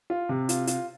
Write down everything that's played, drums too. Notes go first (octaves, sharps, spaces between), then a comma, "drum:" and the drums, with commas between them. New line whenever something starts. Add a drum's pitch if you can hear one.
F4
C3
F4, drum: hi-hat
F4, drum: hi-hat